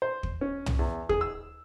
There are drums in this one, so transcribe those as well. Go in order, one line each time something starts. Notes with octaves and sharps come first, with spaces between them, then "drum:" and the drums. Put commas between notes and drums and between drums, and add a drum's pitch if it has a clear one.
C5
drum: kick
C#4
drum: tom
E2
G#4, drum: kick
E6